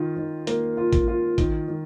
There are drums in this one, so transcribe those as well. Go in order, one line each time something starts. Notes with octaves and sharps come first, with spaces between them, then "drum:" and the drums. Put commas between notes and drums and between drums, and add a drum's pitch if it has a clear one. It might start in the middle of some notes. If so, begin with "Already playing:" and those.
Already playing: D#3 F4
D#3
A#3, drum: hi-hat
F4
drum: kick A1, hi-hat
F4
D#3, drum: kick A1, hi-hat
D#3